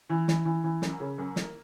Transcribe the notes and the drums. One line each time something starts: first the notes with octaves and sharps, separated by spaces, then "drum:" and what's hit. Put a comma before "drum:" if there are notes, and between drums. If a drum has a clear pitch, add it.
E3
E3, drum: snare
E3
E3
F#2, drum: snare
C#3
F#2
A#3, drum: snare